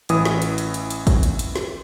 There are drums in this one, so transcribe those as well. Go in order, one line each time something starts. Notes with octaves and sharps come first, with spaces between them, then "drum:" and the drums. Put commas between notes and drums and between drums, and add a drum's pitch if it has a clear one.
A1 E3 D#6, drum: hi-hat
drum: snare
drum: hi-hat
drum: hi-hat
drum: hi-hat
drum: hi-hat
drum: kick, hi-hat
drum: hi-hat
drum: hi-hat
drum: snare